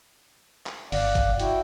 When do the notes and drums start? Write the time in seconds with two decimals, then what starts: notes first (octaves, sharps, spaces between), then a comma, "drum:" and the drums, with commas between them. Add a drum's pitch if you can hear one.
0.67 drum: clap
0.92 G1 D5 F5 F#5, drum: open hi-hat
1.15 drum: kick G#1, hi-hat
1.39 E4 F#4 G5, drum: hi-hat